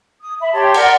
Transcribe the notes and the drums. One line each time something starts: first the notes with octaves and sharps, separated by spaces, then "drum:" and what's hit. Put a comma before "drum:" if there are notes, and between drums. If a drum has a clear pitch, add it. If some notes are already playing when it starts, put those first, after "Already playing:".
D#6
E5 B5
G4 C#5 A5 C6
A#4 D5 F#5, drum: cymbal